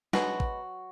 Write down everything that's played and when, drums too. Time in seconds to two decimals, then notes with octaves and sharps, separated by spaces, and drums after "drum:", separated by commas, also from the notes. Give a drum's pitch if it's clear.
0.13 B2 F#3 G#3 B3 F#4, drum: snare
0.40 drum: kick